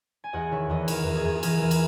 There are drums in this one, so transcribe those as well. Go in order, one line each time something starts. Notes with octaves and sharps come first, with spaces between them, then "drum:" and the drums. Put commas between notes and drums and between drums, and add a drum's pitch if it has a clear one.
G#5
E2 D#5 F#5
D#3 C#5 E5
E2 B4 D#5
D#3 A#4, drum: cymbal
E2
G#4
E2
G#4
E3 A#4, drum: cymbal
E3
drum: cymbal